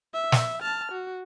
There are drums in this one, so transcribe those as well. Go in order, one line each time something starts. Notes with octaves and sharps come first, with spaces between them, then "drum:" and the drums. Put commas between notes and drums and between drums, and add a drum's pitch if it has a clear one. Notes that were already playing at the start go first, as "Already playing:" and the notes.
E5
drum: snare
A5 F6
F#4